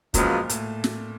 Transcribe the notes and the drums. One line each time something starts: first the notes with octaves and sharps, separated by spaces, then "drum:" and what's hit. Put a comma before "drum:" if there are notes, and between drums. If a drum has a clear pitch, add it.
F#2 A#2 C#3 F3 G#3 B3, drum: kick, hi-hat
A2, drum: hi-hat
drum: snare